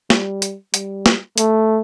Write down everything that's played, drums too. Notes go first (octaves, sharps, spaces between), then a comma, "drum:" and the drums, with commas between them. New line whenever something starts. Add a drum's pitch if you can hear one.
G3, drum: snare
drum: hi-hat
G3, drum: hi-hat
drum: snare
A3, drum: hi-hat